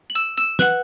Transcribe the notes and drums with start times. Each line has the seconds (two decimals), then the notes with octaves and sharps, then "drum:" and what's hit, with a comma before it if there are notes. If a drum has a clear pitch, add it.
0.10 F#7
0.15 E6 E7
0.38 E6 E7
0.59 B4 F#5 F#6 F#7, drum: snare